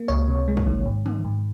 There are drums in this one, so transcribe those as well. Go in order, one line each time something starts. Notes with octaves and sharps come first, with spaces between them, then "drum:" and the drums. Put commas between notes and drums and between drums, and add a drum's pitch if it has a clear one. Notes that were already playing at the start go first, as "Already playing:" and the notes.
Already playing: A#3
C#2 C#5
C3
G#3
drum: kick
D#3
G#2
D#3, drum: tom
G#2